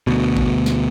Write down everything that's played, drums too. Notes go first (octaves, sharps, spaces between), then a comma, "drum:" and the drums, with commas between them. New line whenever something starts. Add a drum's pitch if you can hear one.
D2 B2
drum: kick G#1
drum: snare